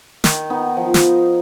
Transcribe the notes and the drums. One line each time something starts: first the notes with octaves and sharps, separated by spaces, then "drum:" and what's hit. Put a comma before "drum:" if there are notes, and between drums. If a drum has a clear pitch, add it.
D#3, drum: snare
B3 D#4
F3
drum: snare